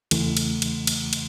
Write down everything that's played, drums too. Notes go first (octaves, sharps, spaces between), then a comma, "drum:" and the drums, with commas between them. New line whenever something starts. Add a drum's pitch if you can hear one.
E2 C#3 E3 A3, drum: cymbal
drum: cymbal
drum: cymbal
drum: cymbal
drum: cymbal